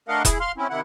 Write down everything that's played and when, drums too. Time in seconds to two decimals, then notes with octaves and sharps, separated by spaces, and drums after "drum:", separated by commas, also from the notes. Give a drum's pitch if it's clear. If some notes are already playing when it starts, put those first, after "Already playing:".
0.08 A3 D4 A#4 D#5 F5 F#5
0.25 E4 G#4, drum: kick E1, hi-hat
0.40 F5 C6 F6
0.57 C4 C#4 E4
0.70 C3 D#3 E4 F#5